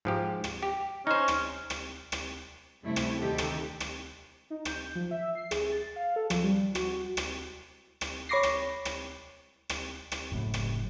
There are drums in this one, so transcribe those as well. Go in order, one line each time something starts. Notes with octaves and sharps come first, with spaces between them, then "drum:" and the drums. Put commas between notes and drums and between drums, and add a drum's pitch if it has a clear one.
G#2 F3 G4
drum: rim click
G4
C#4 D#4 C5
drum: rim click
drum: rim click
drum: rim click
F#2 C3 G3 A3 E4
drum: rim click
D2 D#3 D#4 G4 A4
drum: rim click
drum: rim click
D#4
G6, drum: rim click
F3
E5
C7
G#4, drum: rim click
A6
F5
A4
F3, drum: rim click
G3
F#4, drum: rim click
drum: rim click
drum: rim click
C#5 B5 C#6 D6 A#6 C7
drum: rim click
drum: rim click
drum: rim click
drum: rim click
F#1 F#2 A2
drum: rim click